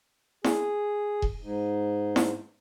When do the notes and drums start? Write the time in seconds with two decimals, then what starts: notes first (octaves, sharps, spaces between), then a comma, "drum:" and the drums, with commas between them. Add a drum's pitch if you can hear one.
0.44 G#4, drum: snare E4
1.22 drum: kick E1
1.42 G#2
2.16 drum: snare E4